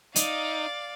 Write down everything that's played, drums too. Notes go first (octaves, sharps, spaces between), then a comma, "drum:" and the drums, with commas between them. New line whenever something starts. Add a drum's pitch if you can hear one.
D#4 D5 F5, drum: hi-hat